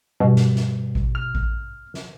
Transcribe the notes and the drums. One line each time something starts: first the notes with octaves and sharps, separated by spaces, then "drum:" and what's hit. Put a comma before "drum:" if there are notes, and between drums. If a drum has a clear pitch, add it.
G2 B2
drum: snare
drum: snare
drum: kick A1
F6
drum: kick A1
drum: snare